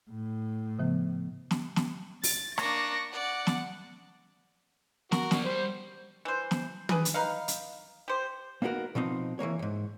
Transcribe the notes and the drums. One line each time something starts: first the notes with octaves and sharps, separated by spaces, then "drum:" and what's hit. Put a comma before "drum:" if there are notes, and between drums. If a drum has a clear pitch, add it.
A2
C#3 F3 B3
drum: snare
drum: snare
A6, drum: open hi-hat
A#3 D4 C#6 A#6, drum: rim click
D5 F#5
drum: snare
F#4 A#4, drum: snare
A#3 D4, drum: snare
G3 C5
E3 C5
drum: snare
D4 G#4 B4, drum: tom
drum: hi-hat
D#4 B4 F5
drum: hi-hat
G4 C5
A#3 B3 D#4 F#4 A#4
B2 F3 C4 D#4
E3 F#3 A#3 C#5
E2 G#2